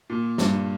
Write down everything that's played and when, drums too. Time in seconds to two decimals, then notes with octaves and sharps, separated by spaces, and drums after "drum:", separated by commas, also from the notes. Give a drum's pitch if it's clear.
0.10 A#2
0.38 G2, drum: snare